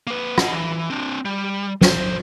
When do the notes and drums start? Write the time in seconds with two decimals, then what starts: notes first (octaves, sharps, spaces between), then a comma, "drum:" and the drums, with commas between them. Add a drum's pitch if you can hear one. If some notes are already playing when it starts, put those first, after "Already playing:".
0.07 A#3 B4
0.38 D#5 F#5, drum: rim click
0.53 E3
0.90 C4 D4
1.25 G3
1.81 E2 C5, drum: snare